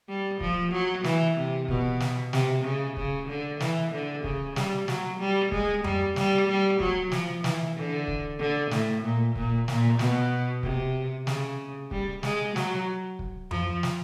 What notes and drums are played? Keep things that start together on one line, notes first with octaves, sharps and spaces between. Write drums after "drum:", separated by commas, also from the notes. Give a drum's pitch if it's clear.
G3
F3, drum: kick
F#3
E3, drum: snare
C3
B2, drum: kick
drum: snare
C3, drum: snare
C#3
C#3, drum: kick
D3
E3, drum: snare
D3
C#3, drum: kick
G3, drum: snare
F#3, drum: snare
G3
G#3, drum: kick
G3, drum: tom F2
G3, drum: snare
G3
F#3, drum: kick
F3, drum: snare
E3, drum: snare
D3
drum: kick
D3
A2, drum: snare
A#2
A#2, drum: kick
A#2, drum: snare
B2, drum: snare
C3, drum: kick
C#3, drum: snare
G3, drum: kick
G#3, drum: snare
F#3, drum: snare
drum: kick
F3, drum: tom F2
drum: snare